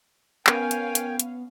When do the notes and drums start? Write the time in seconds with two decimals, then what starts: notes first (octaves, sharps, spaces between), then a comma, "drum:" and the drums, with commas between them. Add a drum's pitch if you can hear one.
0.47 B3 C#4 A#4 F5 G5 G#5, drum: clap
0.71 drum: hi-hat
0.95 drum: hi-hat
1.20 drum: hi-hat